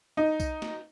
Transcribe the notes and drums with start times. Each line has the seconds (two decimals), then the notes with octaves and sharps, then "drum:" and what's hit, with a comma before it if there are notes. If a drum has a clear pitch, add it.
0.17 D#4
0.40 drum: kick B1, tambourine
0.62 drum: snare